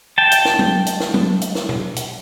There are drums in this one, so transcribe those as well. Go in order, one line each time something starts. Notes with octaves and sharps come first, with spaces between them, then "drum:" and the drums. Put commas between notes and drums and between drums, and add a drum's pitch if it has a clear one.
G5 A5
drum: hi-hat
drum: snare
drum: tom
drum: hi-hat
drum: snare
drum: tom
drum: hi-hat
drum: snare
drum: tom B2
drum: hi-hat